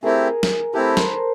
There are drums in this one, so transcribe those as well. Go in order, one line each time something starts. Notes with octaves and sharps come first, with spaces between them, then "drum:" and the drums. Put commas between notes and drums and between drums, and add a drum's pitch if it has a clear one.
A3 C4 E4 G4 G#4 A#4
drum: snare
A3 C4 E4 G4 A4 B4
A#4 C5, drum: snare